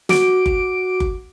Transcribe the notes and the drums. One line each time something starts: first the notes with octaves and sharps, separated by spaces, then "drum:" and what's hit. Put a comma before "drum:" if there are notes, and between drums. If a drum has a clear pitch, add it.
F#4 D6 D7, drum: snare
drum: kick F#1
drum: kick F#1